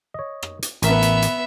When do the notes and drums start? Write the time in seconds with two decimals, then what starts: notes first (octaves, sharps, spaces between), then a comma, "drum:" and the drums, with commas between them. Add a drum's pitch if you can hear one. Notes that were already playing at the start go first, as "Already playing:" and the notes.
0.14 C#5 D#5
0.43 drum: rim click
0.62 drum: hi-hat
0.82 A1 B3 A#4 E5, drum: hi-hat
1.02 drum: hi-hat
1.22 drum: hi-hat